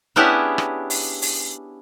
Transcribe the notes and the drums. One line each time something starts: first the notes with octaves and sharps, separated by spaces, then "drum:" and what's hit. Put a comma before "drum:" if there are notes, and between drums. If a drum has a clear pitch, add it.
B3 C#4 D4 E4 G4 G#4
drum: rim click
drum: open hi-hat
drum: open hi-hat